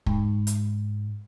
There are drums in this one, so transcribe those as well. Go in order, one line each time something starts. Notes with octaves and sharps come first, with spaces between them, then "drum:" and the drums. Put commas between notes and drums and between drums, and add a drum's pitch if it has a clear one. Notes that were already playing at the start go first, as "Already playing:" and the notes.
G#2, drum: kick
drum: hi-hat